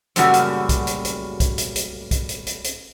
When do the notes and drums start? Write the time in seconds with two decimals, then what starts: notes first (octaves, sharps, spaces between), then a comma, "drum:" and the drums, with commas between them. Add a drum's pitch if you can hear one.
0.16 F#2 A2 C#3 G3 A#3 F#4, drum: hi-hat
0.34 drum: hi-hat
0.69 drum: kick B1, hi-hat
0.87 drum: hi-hat
1.05 drum: hi-hat
1.40 drum: kick B1, hi-hat
1.58 drum: hi-hat
1.76 drum: hi-hat
2.11 drum: kick B1, hi-hat
2.29 drum: hi-hat
2.47 drum: hi-hat
2.64 drum: hi-hat